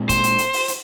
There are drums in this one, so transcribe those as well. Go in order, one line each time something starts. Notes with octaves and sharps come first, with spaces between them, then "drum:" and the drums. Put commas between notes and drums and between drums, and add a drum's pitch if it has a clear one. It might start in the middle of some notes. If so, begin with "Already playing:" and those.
Already playing: A#2 G#3 C4
C5, drum: kick, hi-hat
drum: hi-hat
drum: hi-hat
drum: open hi-hat
drum: hi-hat